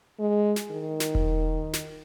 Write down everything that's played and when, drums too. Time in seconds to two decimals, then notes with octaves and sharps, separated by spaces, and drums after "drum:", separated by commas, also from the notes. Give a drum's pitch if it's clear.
0.20 G#3
0.56 drum: snare
0.71 D#3
1.00 drum: snare
1.15 drum: kick E1
1.73 drum: snare